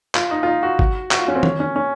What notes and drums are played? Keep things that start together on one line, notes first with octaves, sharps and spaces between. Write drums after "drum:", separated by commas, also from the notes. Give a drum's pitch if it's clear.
F4, drum: clap
D#4
F4
D#4
F#4
drum: kick G#1
F#4, drum: clap
F4
C#4
C4
C#4, drum: tom D#3
C#4
C#4